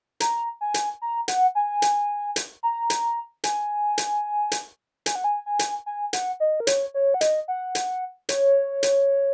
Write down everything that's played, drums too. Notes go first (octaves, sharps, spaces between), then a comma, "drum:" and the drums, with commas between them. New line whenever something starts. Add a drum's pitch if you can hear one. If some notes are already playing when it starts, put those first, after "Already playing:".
A#5, drum: hi-hat
G#5
drum: hi-hat
A#5
F#5, drum: hi-hat
G#5
drum: hi-hat
drum: hi-hat
A#5
drum: hi-hat
G#5, drum: hi-hat
drum: hi-hat
drum: hi-hat
G#5, drum: hi-hat
F#5
G#5
G#5
drum: hi-hat
G#5
F#5, drum: hi-hat
D#5
A#4
C#5, drum: hi-hat
C#5
F#5
D#5, drum: hi-hat
F#5
drum: hi-hat
C#5, drum: hi-hat
drum: hi-hat